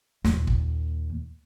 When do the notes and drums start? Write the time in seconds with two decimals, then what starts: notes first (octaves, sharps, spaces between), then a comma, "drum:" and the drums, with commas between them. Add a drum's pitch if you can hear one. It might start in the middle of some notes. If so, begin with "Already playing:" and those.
0.25 D#2 A#2, drum: snare
0.47 drum: kick